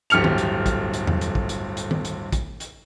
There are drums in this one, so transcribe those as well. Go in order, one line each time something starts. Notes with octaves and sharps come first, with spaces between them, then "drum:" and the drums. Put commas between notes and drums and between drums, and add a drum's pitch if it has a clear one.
D1 G1 G4 F6 C#7 F7, drum: hi-hat
drum: tom D#3
drum: hi-hat
drum: kick, hi-hat
drum: hi-hat
drum: tom E2
drum: hi-hat
drum: kick
drum: hi-hat
drum: hi-hat
drum: tom D#3
drum: hi-hat
drum: kick, hi-hat
drum: hi-hat